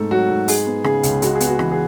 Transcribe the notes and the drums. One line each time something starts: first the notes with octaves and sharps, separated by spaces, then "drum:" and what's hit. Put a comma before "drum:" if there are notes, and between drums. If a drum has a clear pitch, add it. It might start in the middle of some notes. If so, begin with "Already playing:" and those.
Already playing: G#2 A3 A4
F#3 F#4
G#2
G#3 G#4, drum: open hi-hat
B3
C#3 G#4, drum: rim click
C#2, drum: hi-hat
G#3 F#4, drum: hi-hat
G#4
B3, drum: hi-hat
F#4
E3, drum: rim click
G#4